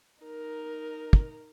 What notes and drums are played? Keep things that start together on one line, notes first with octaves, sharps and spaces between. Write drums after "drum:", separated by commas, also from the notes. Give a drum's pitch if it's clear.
D#4 A#4
drum: kick